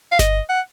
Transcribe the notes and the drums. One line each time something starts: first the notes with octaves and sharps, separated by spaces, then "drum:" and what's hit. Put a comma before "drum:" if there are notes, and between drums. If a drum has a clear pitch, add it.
F5
D#5, drum: snare G1
F#5